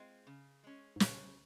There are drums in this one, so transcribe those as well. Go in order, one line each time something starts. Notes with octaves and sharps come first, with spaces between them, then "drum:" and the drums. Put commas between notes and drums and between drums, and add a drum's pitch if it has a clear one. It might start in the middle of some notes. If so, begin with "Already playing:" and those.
Already playing: G#3 C4 F4
C#3
G#3 C#4
G#2
A#2 C#3, drum: snare